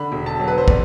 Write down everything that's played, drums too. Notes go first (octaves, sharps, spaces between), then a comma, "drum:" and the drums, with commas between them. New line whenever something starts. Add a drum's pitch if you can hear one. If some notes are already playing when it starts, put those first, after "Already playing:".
Already playing: D3 B5
E1
A5
F#3
B4
C5
D5, drum: kick